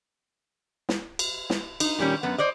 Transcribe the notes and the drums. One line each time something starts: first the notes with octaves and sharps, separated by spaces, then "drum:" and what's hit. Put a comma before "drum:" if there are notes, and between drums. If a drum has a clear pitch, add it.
drum: snare
drum: cymbal
drum: snare
D#4, drum: cymbal
A#2 D#3 G3 C#4
F#2 B3
C5 D5 D#5